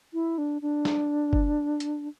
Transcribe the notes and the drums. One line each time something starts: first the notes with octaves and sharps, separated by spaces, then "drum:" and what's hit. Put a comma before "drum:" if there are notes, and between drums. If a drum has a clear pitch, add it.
E4
D4
D4
drum: snare
drum: kick F#1
drum: hi-hat